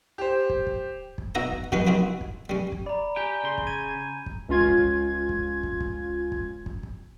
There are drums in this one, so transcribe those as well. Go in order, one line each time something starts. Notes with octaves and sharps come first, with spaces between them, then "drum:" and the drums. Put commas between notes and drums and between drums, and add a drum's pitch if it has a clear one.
G4 C5
drum: kick
drum: kick
drum: kick
B2 D#4 F#4 D#5 E5 A#5
drum: kick
C3 F3 F#3 C#4 D#4 B4, drum: kick
C2 C4 D#4 F#4 B5
drum: kick
G3 C#4
drum: kick
D5 A#5 B5
G4 G5 G#5 A#5 G6
C#3 C6
drum: kick
G#6 D#7
drum: kick
C#2 C#4 F4 G#6
drum: kick
drum: kick
drum: kick
drum: kick
drum: kick
drum: kick
drum: kick
drum: kick